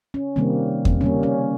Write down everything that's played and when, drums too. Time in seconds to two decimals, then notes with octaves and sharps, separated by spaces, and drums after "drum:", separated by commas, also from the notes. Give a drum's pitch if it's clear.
0.14 C#4
0.36 C3 D#3 G3 A#3 C4
0.85 drum: kick E2
1.01 C#3 G3 A#3 C#4
1.23 C#4